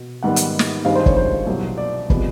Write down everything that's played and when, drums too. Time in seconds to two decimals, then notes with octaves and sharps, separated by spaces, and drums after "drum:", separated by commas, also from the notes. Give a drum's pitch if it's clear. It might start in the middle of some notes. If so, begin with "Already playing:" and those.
Already playing: B2
0.23 G#2 D#3 G3 B3 F#5
0.36 drum: hi-hat
0.59 drum: snare
0.85 G2 D#3 G#3 C4 D#4 F5
0.95 C5
1.06 C#5, drum: kick
1.17 C5
1.47 C2 B2 F#3
1.78 D5
2.10 C3 F3 G#3 B3, drum: kick